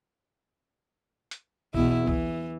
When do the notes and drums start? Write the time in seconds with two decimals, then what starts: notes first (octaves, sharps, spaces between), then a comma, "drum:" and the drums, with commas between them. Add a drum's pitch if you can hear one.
1.31 drum: hi-hat
1.74 E2 B2 E4, drum: kick
2.08 E3, drum: kick